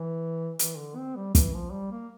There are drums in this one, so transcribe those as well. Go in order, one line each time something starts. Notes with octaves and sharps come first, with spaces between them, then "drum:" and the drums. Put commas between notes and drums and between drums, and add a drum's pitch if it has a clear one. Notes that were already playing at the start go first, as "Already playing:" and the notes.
Already playing: E3
E3, drum: hi-hat
D3
C4
G3
E3, drum: kick, hi-hat
F3
G3
A#3